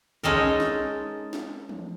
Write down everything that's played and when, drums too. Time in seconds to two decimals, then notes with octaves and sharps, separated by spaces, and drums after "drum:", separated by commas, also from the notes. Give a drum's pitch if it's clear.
0.23 G#3 C#4 D#4 A4 A#4, drum: kick
0.60 drum: snare
1.33 drum: snare
1.69 drum: tom E3